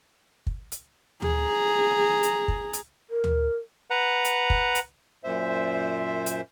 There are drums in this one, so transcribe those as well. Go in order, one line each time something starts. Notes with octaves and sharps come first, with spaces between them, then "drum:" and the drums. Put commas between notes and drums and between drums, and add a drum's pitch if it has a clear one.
drum: kick
drum: hi-hat
G#4 A#5, drum: tom D2
drum: hi-hat
drum: kick
drum: hi-hat
A#4
drum: tom D2
B4 F#5 A#5
drum: hi-hat
drum: kick
drum: hi-hat
F#2 A#2 C5 E5
drum: hi-hat